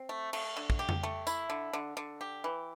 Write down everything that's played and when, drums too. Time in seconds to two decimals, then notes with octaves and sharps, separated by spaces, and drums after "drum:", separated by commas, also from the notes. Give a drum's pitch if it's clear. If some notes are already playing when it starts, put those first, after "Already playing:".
Already playing: C4
0.09 A3
0.33 A3, drum: cymbal
0.57 D3
0.70 drum: kick
0.79 G4
0.89 drum: tom F2
1.03 A3
1.27 E4, drum: tambourine
1.50 D3
1.73 D3
1.97 D3
2.21 G4
2.44 E3